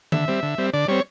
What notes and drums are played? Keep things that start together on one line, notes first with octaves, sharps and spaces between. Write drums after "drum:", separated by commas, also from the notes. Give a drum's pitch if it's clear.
D3 E5, drum: tom D#3
G3 C4
D3
G3 C4
D3 D5
G3 C4 C#5